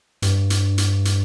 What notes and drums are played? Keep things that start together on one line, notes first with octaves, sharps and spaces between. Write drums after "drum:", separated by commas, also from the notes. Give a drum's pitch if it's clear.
G2, drum: hi-hat
drum: hi-hat
drum: hi-hat
drum: hi-hat